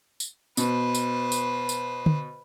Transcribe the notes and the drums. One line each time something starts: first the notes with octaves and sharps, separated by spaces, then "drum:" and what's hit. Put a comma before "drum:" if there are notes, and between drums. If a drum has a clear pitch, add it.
drum: tambourine
B2 B4 C5, drum: tambourine
drum: tambourine
drum: tambourine
drum: tambourine
drum: tom D3